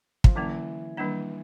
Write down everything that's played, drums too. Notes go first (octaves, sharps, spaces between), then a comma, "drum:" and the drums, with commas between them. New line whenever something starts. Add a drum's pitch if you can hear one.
F3, drum: kick
D3 E3 F#3 A#3 C#4
D#3 G3 A#3 D4